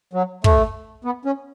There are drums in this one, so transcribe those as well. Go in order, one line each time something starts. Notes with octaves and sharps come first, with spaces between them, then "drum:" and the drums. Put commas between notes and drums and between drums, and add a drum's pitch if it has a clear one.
F#3
A3, drum: kick
B3
C#4